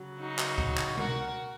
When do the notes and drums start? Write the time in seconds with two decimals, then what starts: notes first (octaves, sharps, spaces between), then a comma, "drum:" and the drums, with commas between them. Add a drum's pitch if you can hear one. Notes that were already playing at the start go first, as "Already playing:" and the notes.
Already playing: C#3 F#3
0.20 D#4 F#4
0.39 drum: clap
0.58 drum: kick C#2
0.77 drum: clap
0.97 F#4 A#4, drum: tom B2